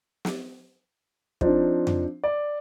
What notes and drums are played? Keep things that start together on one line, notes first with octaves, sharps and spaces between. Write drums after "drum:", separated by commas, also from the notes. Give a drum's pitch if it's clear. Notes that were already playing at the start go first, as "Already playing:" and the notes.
drum: snare
F3 C4 D4 D#4, drum: kick
drum: tom F2
D5